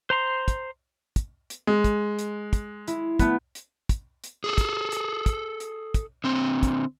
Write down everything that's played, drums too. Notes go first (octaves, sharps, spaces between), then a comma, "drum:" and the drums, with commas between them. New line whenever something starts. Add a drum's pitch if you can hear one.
C5 A#5 C6
drum: kick, hi-hat
drum: kick, hi-hat
drum: hi-hat
G#3
drum: kick, hi-hat
drum: hi-hat
drum: kick, hi-hat
E4, drum: hi-hat
A3 B3, drum: kick, hi-hat
drum: hi-hat
drum: kick, hi-hat
drum: hi-hat
G#4 A4
drum: kick, hi-hat
drum: hi-hat
drum: kick, hi-hat
drum: hi-hat
drum: kick, hi-hat
D3 C4
drum: kick, hi-hat